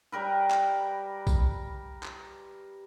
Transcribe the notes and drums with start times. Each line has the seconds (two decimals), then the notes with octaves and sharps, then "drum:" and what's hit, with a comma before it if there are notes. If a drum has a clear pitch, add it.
0.12 G3 G4 A#4 B4
0.51 drum: clap
1.27 drum: kick B1, tambourine
2.03 drum: clap